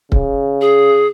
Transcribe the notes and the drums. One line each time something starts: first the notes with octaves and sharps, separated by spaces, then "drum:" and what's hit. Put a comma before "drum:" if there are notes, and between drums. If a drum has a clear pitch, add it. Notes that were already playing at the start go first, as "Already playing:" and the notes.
C#3, drum: kick C#1
G#4